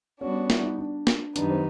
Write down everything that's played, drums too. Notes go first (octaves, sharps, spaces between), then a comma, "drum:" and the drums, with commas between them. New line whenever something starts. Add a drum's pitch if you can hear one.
G3 B3 C#4 D4 F#4
E4, drum: snare
D#4
D4
drum: snare
F#2 D#3 G3 B3 D4 D#4, drum: hi-hat
C4